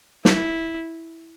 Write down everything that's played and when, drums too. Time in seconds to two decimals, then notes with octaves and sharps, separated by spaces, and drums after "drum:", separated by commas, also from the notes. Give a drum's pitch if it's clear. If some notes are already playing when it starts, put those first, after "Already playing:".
0.25 E4, drum: snare